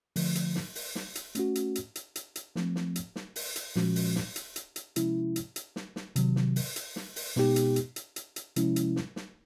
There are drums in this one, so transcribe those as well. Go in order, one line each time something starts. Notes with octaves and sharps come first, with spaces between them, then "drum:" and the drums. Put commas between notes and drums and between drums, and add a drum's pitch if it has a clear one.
D3 F3 A3, drum: open hi-hat
drum: hi-hat
drum: snare
drum: open hi-hat
drum: snare
drum: hi-hat
A3 C#4 F#4, drum: hi-hat
drum: hi-hat
drum: hi-hat
drum: hi-hat
drum: hi-hat
drum: hi-hat
F3 A3 C4, drum: snare
drum: snare
drum: hi-hat
drum: snare
drum: open hi-hat
drum: hi-hat
A#2 F3 G#3 C#4 F#4, drum: snare
drum: open hi-hat
drum: snare
drum: hi-hat
drum: hi-hat
drum: hi-hat
C3 F3 G#3 C#4 E4, drum: hi-hat
drum: hi-hat
drum: hi-hat
drum: snare
drum: snare
C3 D#3 F#3, drum: hi-hat
drum: snare
drum: open hi-hat
drum: hi-hat
drum: snare
drum: open hi-hat
B2 G#3 B3 D#4 G4, drum: snare
drum: hi-hat
drum: hi-hat
drum: hi-hat
drum: hi-hat
drum: hi-hat
C3 F3 G#3 C#4 E4, drum: hi-hat
drum: hi-hat
drum: snare
drum: snare